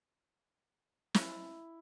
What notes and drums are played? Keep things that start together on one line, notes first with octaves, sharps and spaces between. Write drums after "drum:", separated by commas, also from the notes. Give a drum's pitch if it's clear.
E4, drum: snare